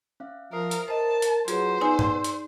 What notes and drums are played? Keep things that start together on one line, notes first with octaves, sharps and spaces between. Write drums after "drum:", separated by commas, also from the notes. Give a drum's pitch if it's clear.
C#4 E5 F5
F3 A#4 E5 D#6 C7
drum: hi-hat
A#4 C5 D#5 A5
drum: hi-hat
F#3 F4 G#4 B4 C5, drum: hi-hat
B3 D#4 D5 G#5 C6 E6 C#7
drum: tom G2
drum: hi-hat